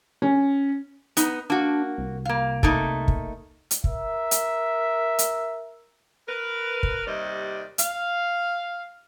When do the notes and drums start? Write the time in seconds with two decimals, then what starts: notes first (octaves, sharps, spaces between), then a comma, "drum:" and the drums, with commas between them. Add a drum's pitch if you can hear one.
0.22 C#4
1.17 B3 D#4, drum: hi-hat
1.50 A#3 D4 F#4
1.98 C2
2.25 A#3 F5
2.63 A3 A#3 D#4, drum: kick
3.08 drum: kick
3.71 drum: hi-hat
3.84 A#4 E5, drum: kick
4.31 drum: hi-hat
5.19 drum: hi-hat
6.28 A#4 B4
6.83 drum: kick
7.06 D#2 C3 G3 D5 D#5
7.78 F5, drum: hi-hat